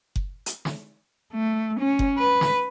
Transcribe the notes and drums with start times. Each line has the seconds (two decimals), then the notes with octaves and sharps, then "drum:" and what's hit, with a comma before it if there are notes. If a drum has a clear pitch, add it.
0.16 drum: kick F#1
0.46 drum: hi-hat
0.65 drum: snare
1.33 A3
1.80 C#4
1.99 drum: kick F#1
2.18 B4
2.41 drum: snare